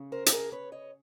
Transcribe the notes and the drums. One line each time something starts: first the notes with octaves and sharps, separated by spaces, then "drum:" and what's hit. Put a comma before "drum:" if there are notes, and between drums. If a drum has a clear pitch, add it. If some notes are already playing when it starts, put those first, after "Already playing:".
Already playing: C#3
A#4 C5
A4, drum: hi-hat
G#4 A#4
B4 C#5
C#5 D#5